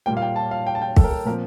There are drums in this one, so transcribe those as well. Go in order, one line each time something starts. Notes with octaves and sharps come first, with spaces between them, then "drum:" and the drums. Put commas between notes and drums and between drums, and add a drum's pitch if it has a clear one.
A#2 G3 A#3 G5
F5
G5
A5
F5
G5
A5
G5
A4, drum: kick
A#4
A4
A#2 F3 C4 A#4